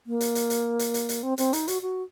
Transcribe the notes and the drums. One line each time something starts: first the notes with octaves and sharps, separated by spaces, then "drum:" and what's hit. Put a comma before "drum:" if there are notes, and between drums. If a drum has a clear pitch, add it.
A#3
drum: hi-hat
drum: hi-hat
drum: hi-hat
drum: hi-hat
drum: hi-hat
drum: hi-hat
C4
C4, drum: hi-hat
D#4, drum: hi-hat
F#4, drum: hi-hat
F#4